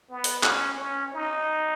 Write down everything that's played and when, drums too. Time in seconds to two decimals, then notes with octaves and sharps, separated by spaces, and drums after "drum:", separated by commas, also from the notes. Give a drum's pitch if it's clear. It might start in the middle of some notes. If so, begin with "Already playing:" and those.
0.10 B3
0.24 drum: open hi-hat
0.43 C#4, drum: clap
0.79 C#4
1.14 D#4